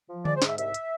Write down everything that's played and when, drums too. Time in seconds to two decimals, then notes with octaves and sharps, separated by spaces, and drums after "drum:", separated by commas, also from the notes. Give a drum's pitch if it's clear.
0.09 F3
0.25 G#3 D5, drum: tom D3
0.37 C5
0.42 G#2, drum: snare
0.47 E5
0.58 C2 E5, drum: hi-hat
0.74 drum: hi-hat